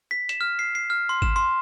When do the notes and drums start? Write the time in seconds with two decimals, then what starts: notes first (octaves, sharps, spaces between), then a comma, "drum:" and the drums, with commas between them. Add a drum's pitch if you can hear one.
0.11 B6
0.29 E7, drum: hi-hat
0.41 F6
0.59 C7
0.75 C7
0.90 F6
1.09 C6
1.22 E7, drum: kick
1.36 C6